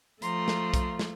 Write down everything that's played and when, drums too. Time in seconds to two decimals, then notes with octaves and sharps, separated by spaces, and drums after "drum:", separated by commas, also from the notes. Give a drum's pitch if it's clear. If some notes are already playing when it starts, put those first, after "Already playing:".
0.22 F3 A3 A#5 C6, drum: hi-hat
0.48 drum: snare
0.74 drum: kick, hi-hat
0.99 drum: snare